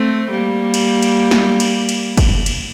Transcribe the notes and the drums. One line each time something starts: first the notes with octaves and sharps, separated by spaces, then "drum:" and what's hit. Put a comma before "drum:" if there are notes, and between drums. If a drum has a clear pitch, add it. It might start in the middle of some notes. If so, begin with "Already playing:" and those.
Already playing: A3 C4
G3 A#3
drum: cymbal
drum: cymbal
drum: snare
drum: cymbal
drum: cymbal
drum: kick, cymbal
drum: cymbal